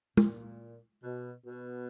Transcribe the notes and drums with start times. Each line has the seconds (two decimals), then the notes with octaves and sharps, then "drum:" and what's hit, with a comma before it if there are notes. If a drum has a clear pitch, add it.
0.17 A#2, drum: tom
1.03 B2
1.46 B2